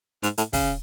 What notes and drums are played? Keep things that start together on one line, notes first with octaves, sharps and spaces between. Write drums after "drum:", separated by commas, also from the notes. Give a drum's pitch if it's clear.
G#2, drum: hi-hat
A2, drum: hi-hat
C#3, drum: kick, open hi-hat